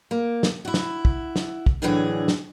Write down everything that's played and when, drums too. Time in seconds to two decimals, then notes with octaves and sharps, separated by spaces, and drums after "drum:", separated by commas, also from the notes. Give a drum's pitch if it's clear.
0.11 A#3
0.43 drum: snare
0.65 E4 F#4
0.74 drum: snare
1.05 drum: kick
1.36 drum: snare
1.66 drum: kick
1.82 D2 A2 D3 E3 F#3 G#4
2.28 drum: snare